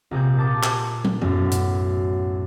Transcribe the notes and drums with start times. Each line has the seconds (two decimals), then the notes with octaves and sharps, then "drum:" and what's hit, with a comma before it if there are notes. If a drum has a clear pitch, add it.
0.11 A#1 C3 G#4 G6
0.37 A#2 A5 D6
0.63 drum: clap
1.05 drum: tom
1.21 B1 F#2 A2, drum: tom A#2
1.51 drum: hi-hat